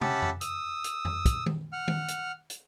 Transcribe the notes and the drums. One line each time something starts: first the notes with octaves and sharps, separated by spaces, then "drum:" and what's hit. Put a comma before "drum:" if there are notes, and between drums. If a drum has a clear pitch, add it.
C#4 G4 E5 F#5 A5 B5, drum: tom
drum: tom F2
D#6 E6, drum: hi-hat
drum: hi-hat
drum: tom F2
drum: kick, hi-hat
drum: tom D#3
F#5 F6
drum: tom D#3
drum: hi-hat
drum: hi-hat